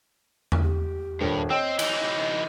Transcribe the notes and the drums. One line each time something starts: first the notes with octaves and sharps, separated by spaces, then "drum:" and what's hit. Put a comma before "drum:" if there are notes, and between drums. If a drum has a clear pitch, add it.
drum: tom E2
G4
D#1 G2 D4 A#4 C#5
C4 C#5 D#5 G5 C6 E6
E3 D#4, drum: cymbal